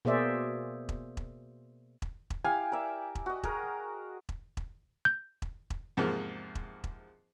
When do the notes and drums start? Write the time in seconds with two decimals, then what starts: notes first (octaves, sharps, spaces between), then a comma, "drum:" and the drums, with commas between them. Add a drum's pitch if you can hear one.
0.05 B2 A#3 G#4 C5 D5 E5
0.89 drum: kick E1
1.17 drum: kick E1
2.02 drum: kick E1
2.30 drum: kick E1
2.45 E4 G4 F5 G#5
2.72 A#4 D5 E5
3.15 drum: kick E1
3.26 F#4 D#5
3.43 G#4 A#4, drum: kick E1
4.29 drum: kick E1
4.57 drum: kick E1
5.05 G6
5.42 drum: kick E1
5.70 drum: kick E1
5.97 E2 G#2 C3 F3 A#3
6.55 drum: kick E1
6.84 drum: kick E1